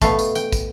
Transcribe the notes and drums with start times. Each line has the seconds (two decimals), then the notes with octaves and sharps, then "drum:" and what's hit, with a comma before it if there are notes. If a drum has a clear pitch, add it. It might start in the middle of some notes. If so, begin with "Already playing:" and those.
0.02 B2 A3 F5, drum: kick, tambourine
0.19 drum: tambourine
0.35 G5, drum: tambourine
0.52 drum: kick, tambourine